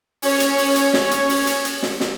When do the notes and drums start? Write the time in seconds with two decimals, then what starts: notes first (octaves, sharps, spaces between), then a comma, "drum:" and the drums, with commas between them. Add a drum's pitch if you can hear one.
0.22 C#4 C#5, drum: open hi-hat
0.40 drum: hi-hat
0.58 drum: open hi-hat
0.76 drum: hi-hat
0.93 drum: snare
1.11 drum: hi-hat
1.29 drum: open hi-hat
1.47 drum: hi-hat
1.65 drum: hi-hat
1.83 drum: snare
2.00 drum: snare